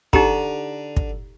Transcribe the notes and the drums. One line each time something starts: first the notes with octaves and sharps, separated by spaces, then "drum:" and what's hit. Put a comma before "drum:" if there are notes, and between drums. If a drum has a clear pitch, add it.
D3 D#4 G4 A#5, drum: kick
drum: kick